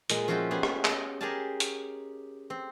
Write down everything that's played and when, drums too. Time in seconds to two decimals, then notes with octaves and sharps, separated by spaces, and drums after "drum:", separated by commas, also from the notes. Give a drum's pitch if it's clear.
0.10 A#2 G#3, drum: hi-hat
0.28 F3 C#4 F4 F#4 E5 G5
0.51 B3 C#4 G4 G#4
0.63 drum: rim click
0.85 D#5, drum: clap
1.21 G4 G#4 A#4 F5 G#5 A5
1.60 drum: hi-hat
2.50 C4